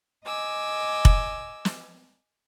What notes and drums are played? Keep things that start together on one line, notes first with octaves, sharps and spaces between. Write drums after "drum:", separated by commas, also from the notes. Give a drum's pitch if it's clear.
D#5 G#5 D6 E6
drum: kick F1
drum: snare